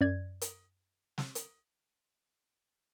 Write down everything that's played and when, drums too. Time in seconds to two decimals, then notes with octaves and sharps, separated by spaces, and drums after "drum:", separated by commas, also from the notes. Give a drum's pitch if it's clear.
0.01 F#2 D5 G#6
0.41 drum: hi-hat
1.18 drum: snare
1.35 drum: hi-hat